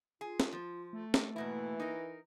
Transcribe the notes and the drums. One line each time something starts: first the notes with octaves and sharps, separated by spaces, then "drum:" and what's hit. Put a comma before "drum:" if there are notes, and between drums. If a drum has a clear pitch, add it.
F4 G#4
drum: snare
F3
A3
drum: snare
G#2 B2 E3 A#3 E4
D#4 A#4